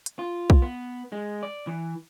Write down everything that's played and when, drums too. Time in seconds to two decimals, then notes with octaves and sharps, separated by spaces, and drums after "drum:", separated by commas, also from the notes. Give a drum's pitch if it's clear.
0.06 drum: hi-hat
0.19 F4
0.50 drum: kick B1
0.62 B3
1.12 G#3
1.43 D5
1.67 E3